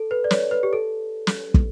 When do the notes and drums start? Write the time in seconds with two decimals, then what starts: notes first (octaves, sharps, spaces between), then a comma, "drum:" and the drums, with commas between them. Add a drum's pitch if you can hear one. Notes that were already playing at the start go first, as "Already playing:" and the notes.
Already playing: A4
0.11 B4
0.24 D5
0.31 C#5, drum: snare
0.51 B4
0.63 G4
0.73 A4
1.27 drum: snare
1.54 drum: kick